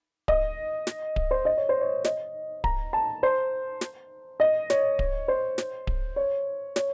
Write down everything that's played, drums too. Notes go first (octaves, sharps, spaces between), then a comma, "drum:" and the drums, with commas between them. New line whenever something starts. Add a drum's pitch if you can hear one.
D#5, drum: kick D1
drum: snare
drum: kick D1
C5
D#5
C#5
C5
C#5
D#5, drum: snare
A#5, drum: kick D1
A5
C5
drum: snare
D#5
C#5, drum: snare
drum: kick D1
C5
drum: snare
drum: kick D1
C#5
C#5, drum: snare